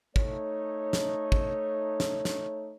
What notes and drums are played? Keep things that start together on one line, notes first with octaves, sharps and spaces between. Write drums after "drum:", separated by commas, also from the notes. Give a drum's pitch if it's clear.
A3 D#4 C#5, drum: kick
drum: snare
drum: kick
drum: snare
drum: snare